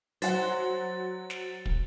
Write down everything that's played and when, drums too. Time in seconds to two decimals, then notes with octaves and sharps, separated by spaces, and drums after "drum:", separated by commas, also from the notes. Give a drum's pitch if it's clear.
0.22 F#3 C5 F#5 A6, drum: hi-hat
1.30 drum: snare
1.66 drum: kick